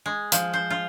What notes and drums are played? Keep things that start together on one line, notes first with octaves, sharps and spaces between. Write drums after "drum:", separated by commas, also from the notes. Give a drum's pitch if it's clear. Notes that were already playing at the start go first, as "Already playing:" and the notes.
G#3
F3, drum: hi-hat
C5
F4